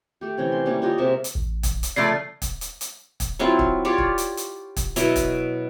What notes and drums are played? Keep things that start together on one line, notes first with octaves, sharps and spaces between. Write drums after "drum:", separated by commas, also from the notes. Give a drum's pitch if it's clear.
A3 G4
C3 E3 C#4
C6
E3 G3 A#3 C#4
C#4 F4 G4 D#5
C3 G#3 A#4 E5
drum: hi-hat
A1
drum: kick, hi-hat
drum: hi-hat
C#3 F3 A3 D5 C7
drum: kick, hi-hat
drum: hi-hat
drum: hi-hat
drum: kick, hi-hat
F#3 C4 E4 F4
drum: kick
F4 G4 C#5 D5
drum: kick
drum: hi-hat
drum: hi-hat
drum: kick, hi-hat
B2 F#3 E4 D#5, drum: hi-hat
drum: kick, hi-hat